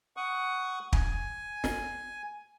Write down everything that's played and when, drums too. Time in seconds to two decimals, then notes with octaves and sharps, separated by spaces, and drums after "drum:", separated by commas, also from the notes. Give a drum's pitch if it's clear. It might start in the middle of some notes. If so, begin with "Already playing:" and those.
0.17 F#5 C#6 D#6
0.93 G#5, drum: kick
1.64 drum: snare